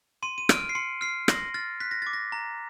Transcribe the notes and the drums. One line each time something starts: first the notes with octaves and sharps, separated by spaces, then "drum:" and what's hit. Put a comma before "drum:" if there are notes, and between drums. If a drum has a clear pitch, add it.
C6 D#7
D#7
F6 D7, drum: rim click
C7
C6 C#7
F6 C7
C6 A#6, drum: rim click
F6 A6
F#6 B6
A#6
D6 A6
A#6
A#5